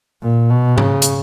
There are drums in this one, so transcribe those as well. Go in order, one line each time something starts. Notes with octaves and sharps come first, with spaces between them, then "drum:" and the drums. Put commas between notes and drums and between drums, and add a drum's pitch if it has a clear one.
A#2
B2
C#3, drum: tom G#2
drum: hi-hat